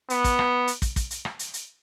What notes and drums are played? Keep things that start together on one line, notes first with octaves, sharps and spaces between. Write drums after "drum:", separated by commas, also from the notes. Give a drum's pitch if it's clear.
B3, drum: hi-hat
drum: kick, hi-hat
drum: rim click
drum: hi-hat
drum: kick, hi-hat
drum: kick, hi-hat
drum: hi-hat
drum: rim click
drum: hi-hat
drum: hi-hat